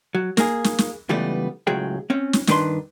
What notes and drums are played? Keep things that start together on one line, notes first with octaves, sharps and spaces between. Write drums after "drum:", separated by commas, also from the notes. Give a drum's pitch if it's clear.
F#3
A#3 G#4, drum: snare
drum: snare
drum: snare
C#2 E3 G3 A3 B3 D5
C#2 A2 F#3 G#4 G5
C4 C#4
drum: snare
G2 D#3 D4 B4 C6, drum: snare